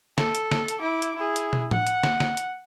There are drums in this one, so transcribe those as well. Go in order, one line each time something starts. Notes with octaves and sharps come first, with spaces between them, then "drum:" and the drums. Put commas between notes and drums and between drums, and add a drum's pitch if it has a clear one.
A4, drum: snare
drum: hi-hat
drum: snare
drum: hi-hat
E4 D6
drum: hi-hat
E4 G#4
drum: hi-hat
drum: tom
F#5, drum: tom A2
drum: hi-hat
drum: snare
drum: snare
drum: hi-hat